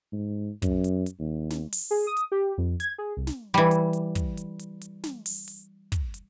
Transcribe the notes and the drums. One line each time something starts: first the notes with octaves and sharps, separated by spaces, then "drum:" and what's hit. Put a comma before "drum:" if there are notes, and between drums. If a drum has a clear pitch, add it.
G#2
F#2, drum: kick, hi-hat
drum: hi-hat
drum: hi-hat
D#2
drum: snare
drum: open hi-hat
G#4
D#6
drum: hi-hat
G4
F2
G#6, drum: hi-hat
G#4
C2
drum: snare
E3 G3
drum: hi-hat
drum: hi-hat
drum: kick, hi-hat
drum: hi-hat
drum: hi-hat
drum: hi-hat
drum: snare
drum: open hi-hat
drum: hi-hat
drum: kick, hi-hat
drum: hi-hat